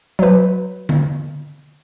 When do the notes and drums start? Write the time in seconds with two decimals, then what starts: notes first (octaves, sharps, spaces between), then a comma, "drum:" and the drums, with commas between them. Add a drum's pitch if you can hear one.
0.19 F#3 B4
0.89 drum: tom D3